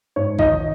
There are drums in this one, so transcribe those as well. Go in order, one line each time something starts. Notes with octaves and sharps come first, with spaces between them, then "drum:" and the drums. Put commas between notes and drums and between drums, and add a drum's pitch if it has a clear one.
G#2 C#5
G#1 D#4 D#5, drum: kick